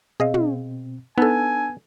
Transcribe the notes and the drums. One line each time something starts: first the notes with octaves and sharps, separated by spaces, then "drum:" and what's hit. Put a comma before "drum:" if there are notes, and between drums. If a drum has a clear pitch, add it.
B2 C4 G#4 D#5 F5
drum: tom
B3 D4 D#4 A4 G#5 A5 E6